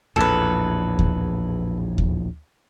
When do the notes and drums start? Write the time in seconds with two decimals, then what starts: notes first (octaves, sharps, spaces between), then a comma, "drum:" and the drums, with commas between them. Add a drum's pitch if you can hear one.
0.16 A#1 E2 A2 A4 B4
0.99 drum: kick D#2
1.98 drum: kick D#2